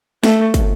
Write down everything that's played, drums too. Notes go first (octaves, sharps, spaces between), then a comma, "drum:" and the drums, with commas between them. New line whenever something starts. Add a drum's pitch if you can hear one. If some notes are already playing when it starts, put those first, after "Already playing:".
A3, drum: snare
drum: kick, hi-hat